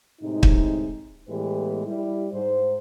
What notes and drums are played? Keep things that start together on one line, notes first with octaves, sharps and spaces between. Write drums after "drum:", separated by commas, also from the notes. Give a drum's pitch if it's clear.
A2 C3 G#3 D#4
drum: kick
A2 E3 G#3 B3 G4 B4
G3 E4
G#2 C5